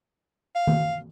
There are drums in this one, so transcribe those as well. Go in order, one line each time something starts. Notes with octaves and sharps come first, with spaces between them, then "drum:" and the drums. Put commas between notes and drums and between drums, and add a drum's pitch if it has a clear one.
F5
drum: tom D#3